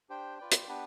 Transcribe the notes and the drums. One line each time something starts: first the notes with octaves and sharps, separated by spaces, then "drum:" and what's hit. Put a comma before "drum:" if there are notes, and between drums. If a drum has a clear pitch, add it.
D4 G4 C5 G5
F4 B4 D5 G5
drum: hi-hat
B3 D4 G4 B4